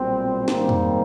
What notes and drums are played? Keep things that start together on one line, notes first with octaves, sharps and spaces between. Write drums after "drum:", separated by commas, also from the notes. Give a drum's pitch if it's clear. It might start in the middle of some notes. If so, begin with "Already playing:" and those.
Already playing: B1 A#2 G3 C4
G#2 D#3 G3 A#3 C4, drum: snare
drum: tom